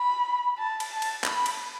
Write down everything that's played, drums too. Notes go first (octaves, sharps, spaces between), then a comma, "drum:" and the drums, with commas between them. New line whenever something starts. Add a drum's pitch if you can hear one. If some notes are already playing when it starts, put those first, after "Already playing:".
Already playing: B5
A5
drum: cymbal
A5
drum: cymbal
B5, drum: clap
drum: cymbal